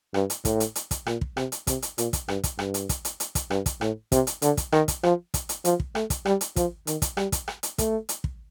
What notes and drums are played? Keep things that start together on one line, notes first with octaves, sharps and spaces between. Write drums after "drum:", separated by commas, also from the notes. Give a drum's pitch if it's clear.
G2, drum: rim click
drum: hi-hat
A2, drum: kick, hi-hat
drum: hi-hat
drum: hi-hat
drum: kick, hi-hat
A#2, drum: rim click
drum: kick
C3, drum: rim click
drum: hi-hat
C3, drum: kick, hi-hat
drum: hi-hat
A#2, drum: hi-hat
drum: kick, hi-hat
G2, drum: rim click
drum: kick, hi-hat
G2, drum: rim click
drum: hi-hat
drum: kick, hi-hat
drum: hi-hat
drum: hi-hat
drum: kick, hi-hat
G2, drum: rim click
drum: kick, hi-hat
A2, drum: rim click
C3, drum: kick, hi-hat
drum: hi-hat
D3, drum: hi-hat
drum: kick, hi-hat
D#3, drum: rim click
drum: kick, hi-hat
F3, drum: rim click
drum: kick, hi-hat
drum: hi-hat
F3, drum: hi-hat
drum: kick
A3, drum: rim click
drum: kick, hi-hat
G3, drum: rim click
drum: hi-hat
F3, drum: kick, hi-hat
D#3, drum: hi-hat
drum: kick, hi-hat
G3, drum: rim click
drum: kick, hi-hat
drum: rim click
drum: hi-hat
A3, drum: kick, hi-hat
drum: hi-hat
drum: kick